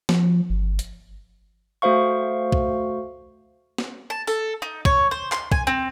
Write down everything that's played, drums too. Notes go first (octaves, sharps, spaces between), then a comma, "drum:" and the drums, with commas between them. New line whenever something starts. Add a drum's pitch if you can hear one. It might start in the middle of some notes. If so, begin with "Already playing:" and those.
F3, drum: snare
G1
drum: hi-hat
A3 F#4 C5 F5 C#6
drum: kick
drum: snare
A5
A4, drum: tambourine
D#4
C#5, drum: kick
C5
C6, drum: clap
G#5, drum: kick
C4